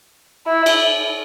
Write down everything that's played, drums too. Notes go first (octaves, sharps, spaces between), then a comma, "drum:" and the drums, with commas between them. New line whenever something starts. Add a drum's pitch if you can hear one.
E4
drum: cymbal